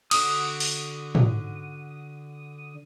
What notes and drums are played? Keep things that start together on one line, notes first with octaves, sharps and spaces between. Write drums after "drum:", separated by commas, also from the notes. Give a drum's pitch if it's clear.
D3 F#4 D#6, drum: cymbal
drum: open hi-hat
drum: tom